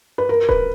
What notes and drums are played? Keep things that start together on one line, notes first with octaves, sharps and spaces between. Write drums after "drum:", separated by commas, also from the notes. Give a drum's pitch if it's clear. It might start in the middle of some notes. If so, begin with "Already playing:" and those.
B4
A#4
B4, drum: kick D#1